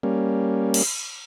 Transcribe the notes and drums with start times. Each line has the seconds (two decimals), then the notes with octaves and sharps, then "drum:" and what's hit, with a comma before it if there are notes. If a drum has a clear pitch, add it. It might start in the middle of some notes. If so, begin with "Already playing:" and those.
0.03 G3 A#3 C#4
0.74 drum: cymbal